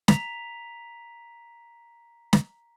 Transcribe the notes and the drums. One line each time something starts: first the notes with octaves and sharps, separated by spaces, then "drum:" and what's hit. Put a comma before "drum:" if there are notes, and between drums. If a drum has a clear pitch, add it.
A#5 B6 F7, drum: snare
drum: snare